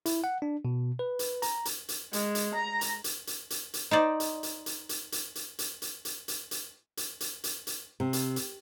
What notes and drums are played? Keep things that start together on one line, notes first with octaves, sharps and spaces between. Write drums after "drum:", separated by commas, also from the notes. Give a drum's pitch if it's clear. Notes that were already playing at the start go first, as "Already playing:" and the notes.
E4, drum: hi-hat
F#5
D4
B2
B4
drum: hi-hat
A#5, drum: hi-hat
drum: hi-hat
drum: hi-hat
G#3, drum: hi-hat
drum: hi-hat
A#5
drum: hi-hat
drum: hi-hat
drum: hi-hat
drum: hi-hat
drum: hi-hat
D#4 C5 D5
drum: hi-hat
drum: hi-hat
drum: hi-hat
drum: hi-hat
drum: hi-hat
drum: hi-hat
drum: hi-hat
drum: hi-hat
drum: hi-hat
drum: hi-hat
drum: hi-hat
drum: hi-hat
drum: hi-hat
drum: hi-hat
drum: hi-hat
C3
drum: hi-hat
drum: hi-hat